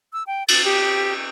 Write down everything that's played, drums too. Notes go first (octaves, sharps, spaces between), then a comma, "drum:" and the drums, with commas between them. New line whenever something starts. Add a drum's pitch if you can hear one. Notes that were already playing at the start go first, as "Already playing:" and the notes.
E6
G5
A6, drum: cymbal
G4